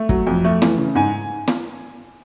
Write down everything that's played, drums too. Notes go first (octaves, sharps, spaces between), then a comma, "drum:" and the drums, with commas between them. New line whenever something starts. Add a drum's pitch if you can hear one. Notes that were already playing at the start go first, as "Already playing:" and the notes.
Already playing: A3
F#3, drum: kick
F2
A3
E3, drum: snare
C#3
G#2 G#5
drum: snare